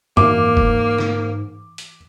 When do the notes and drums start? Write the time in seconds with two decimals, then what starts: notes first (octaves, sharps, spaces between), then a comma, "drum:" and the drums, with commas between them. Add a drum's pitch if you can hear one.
0.17 G#2 E3 A#3 D6, drum: tom F#2
0.57 drum: kick
0.99 drum: snare
1.78 drum: hi-hat